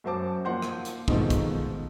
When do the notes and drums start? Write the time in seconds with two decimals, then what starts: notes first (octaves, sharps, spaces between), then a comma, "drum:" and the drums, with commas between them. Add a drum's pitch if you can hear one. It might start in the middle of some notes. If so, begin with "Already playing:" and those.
0.04 F#2 F#4 C5 A5 D6
0.45 F3 A#3 F#5 C6 G6
0.62 drum: rim click
0.85 drum: hi-hat
1.08 G#2 B2 D#3 F3 A3, drum: kick
1.30 drum: kick, hi-hat